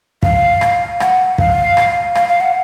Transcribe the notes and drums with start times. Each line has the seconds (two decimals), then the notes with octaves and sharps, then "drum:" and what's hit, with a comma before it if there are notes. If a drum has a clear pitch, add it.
0.23 F5, drum: kick
0.61 drum: rim click
1.00 F#5, drum: rim click
1.38 F5, drum: kick
1.77 drum: rim click
2.15 F5, drum: rim click
2.29 F5
2.41 F#5